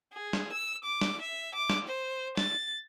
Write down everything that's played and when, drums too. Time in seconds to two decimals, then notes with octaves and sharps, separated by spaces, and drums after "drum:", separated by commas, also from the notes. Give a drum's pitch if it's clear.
0.13 G#4
0.33 drum: snare
0.52 E6
0.84 D6
1.01 drum: snare
1.21 E5
1.55 D6
1.70 drum: snare
1.88 C5
2.37 A6, drum: snare